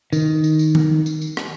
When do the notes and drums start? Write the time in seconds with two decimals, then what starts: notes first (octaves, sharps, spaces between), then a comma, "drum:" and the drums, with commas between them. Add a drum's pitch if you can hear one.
0.13 D#3, drum: tambourine
0.44 drum: tambourine
0.59 drum: tambourine
0.75 drum: tom D#3
1.06 drum: tambourine
1.22 drum: tambourine
1.37 drum: rim click